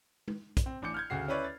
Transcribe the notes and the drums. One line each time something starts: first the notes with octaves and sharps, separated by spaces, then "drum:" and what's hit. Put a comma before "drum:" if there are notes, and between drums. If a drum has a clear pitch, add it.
drum: tom G#3
drum: kick, hi-hat
C4
A1 D4 D6 G6 C#7
F6 G6 G#6
D2 C#3 F#4 C7
C#4 E4 B4 C#5 D5
A6